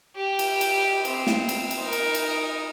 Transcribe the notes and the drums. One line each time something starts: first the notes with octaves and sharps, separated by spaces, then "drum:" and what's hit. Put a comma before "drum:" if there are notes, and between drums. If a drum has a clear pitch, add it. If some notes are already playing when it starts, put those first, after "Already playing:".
G4
drum: cymbal
drum: cymbal
C4, drum: cymbal
drum: snare
drum: cymbal
drum: cymbal
D#4 A#4
drum: cymbal
drum: cymbal